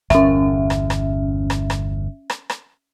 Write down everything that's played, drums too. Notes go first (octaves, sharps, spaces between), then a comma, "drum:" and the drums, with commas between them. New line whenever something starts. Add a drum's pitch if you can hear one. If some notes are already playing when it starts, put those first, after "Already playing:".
G1 E2 C#4 E5, drum: rim click
drum: rim click
drum: rim click
drum: rim click
drum: rim click
drum: rim click
drum: rim click